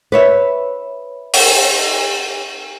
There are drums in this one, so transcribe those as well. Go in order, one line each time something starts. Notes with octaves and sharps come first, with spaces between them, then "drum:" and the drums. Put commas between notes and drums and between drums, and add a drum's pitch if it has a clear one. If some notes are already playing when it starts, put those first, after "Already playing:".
B4 C#5 E5
drum: open hi-hat